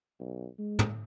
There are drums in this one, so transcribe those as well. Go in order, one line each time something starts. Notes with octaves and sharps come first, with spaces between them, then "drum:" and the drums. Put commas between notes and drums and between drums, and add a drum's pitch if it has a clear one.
B1
G#3
drum: tom